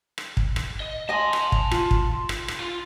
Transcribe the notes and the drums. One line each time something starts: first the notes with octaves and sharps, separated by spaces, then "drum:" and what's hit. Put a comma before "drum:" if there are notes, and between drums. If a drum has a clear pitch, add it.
drum: rim click
drum: kick
drum: rim click
D#5
D#5 G#5 A5 C6
drum: rim click
drum: kick
F4, drum: rim click
drum: kick
drum: rim click
drum: rim click
F4